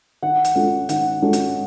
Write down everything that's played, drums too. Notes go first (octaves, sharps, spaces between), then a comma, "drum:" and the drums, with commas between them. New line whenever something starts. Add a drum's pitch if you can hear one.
D#3 F#5
drum: hi-hat
G#3 C#4 F4 A4
D#3 F#5, drum: hi-hat
G#3 C#4 F4 A4
drum: hi-hat